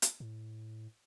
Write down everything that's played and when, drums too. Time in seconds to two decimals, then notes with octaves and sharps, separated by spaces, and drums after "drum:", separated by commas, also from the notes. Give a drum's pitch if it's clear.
0.02 drum: hi-hat
0.20 A2